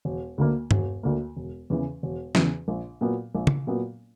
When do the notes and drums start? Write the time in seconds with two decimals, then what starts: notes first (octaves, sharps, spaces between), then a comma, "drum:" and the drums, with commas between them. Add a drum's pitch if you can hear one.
0.05 E1
0.38 D2 D3 A#3
0.71 E1, drum: tom G2
1.03 D2 D3 A#3
1.36 E1
1.70 E2 C#3 E3
2.03 E1
2.35 E2 C#3 E3, drum: snare
2.68 A#1
3.01 A#2 F#3 B3
3.35 A#1
3.47 drum: tom
3.67 A#2 F#3 B3